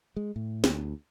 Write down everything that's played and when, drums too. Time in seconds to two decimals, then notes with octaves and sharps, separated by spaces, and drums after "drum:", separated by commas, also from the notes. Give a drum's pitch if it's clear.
0.17 G#3
0.36 A2
0.64 D2, drum: snare